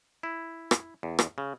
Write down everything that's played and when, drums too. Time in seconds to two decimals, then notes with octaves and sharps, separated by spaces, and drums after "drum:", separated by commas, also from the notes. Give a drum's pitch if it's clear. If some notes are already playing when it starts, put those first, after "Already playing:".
0.23 E4
0.71 drum: rim click
1.03 E2
1.19 drum: rim click
1.38 C#3